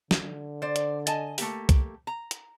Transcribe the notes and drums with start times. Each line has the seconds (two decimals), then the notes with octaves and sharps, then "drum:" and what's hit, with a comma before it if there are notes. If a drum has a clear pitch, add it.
0.11 D3, drum: snare
0.62 C5 D5
0.76 drum: hi-hat
1.07 D#5 G#5 A5, drum: hi-hat
1.38 A3 A#3 G4, drum: open hi-hat
1.69 drum: kick, hi-hat
2.07 A#5
2.31 drum: hi-hat